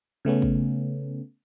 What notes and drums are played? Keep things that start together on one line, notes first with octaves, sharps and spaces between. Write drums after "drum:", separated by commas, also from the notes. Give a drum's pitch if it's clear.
C#3 A3 B3 C#4
drum: kick